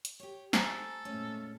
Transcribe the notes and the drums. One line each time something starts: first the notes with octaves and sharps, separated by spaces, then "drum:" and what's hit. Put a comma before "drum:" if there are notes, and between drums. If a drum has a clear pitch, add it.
drum: hi-hat
G4 C#5
A3 A4 C5 G#5 A#5, drum: snare
A#2 G#3 A3 C#4